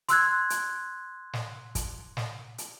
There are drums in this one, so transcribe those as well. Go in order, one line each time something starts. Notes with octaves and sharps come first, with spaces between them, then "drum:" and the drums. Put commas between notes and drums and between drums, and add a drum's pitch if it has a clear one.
C6 E6 F#6 G#6, drum: hi-hat
drum: hi-hat
drum: snare
drum: kick, hi-hat
drum: snare
drum: hi-hat